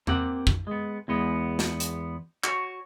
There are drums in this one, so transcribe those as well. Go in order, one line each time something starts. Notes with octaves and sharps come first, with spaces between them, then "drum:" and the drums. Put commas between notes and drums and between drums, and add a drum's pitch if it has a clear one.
A#3 C4 G4 F#5, drum: tom
drum: kick
G#3 B3
E2 G#3 B3
drum: snare
drum: hi-hat
F#4 C#5, drum: clap